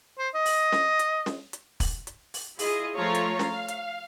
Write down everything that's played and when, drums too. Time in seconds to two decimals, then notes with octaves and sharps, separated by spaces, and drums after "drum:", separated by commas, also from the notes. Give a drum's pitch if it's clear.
0.19 C5
0.35 D#5
0.46 drum: open hi-hat
0.72 drum: snare
0.99 drum: hi-hat
1.26 drum: snare
1.53 drum: hi-hat
1.80 drum: kick, open hi-hat
2.07 drum: hi-hat
2.34 drum: open hi-hat
2.59 E4 F4 G#4 D#5, drum: open hi-hat
2.96 F3 A3 F4 C#5 F5 A#5
3.15 drum: hi-hat
3.39 F5, drum: snare
3.68 drum: hi-hat